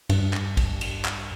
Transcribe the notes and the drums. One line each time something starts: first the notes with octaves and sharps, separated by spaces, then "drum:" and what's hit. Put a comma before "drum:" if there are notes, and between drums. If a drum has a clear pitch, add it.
G2, drum: cymbal
drum: clap
drum: kick A1, cymbal
drum: cymbal
drum: clap